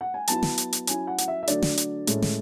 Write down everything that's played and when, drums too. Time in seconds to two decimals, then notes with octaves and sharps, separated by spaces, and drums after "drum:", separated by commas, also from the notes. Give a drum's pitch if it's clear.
0.01 F#5
0.14 G#5
0.27 F#3 B3 E4 A5, drum: hi-hat
0.43 drum: snare
0.58 drum: hi-hat
0.73 drum: hi-hat
0.87 F#3 C#4 E4 G#5, drum: hi-hat
1.07 F#5
1.18 F#5, drum: hi-hat
1.28 E5
1.43 E5
1.47 D3 F#3 A3 D4 D5, drum: hi-hat
1.62 drum: snare
1.77 drum: hi-hat
2.07 A2 G#3 C#4, drum: hi-hat
2.22 drum: snare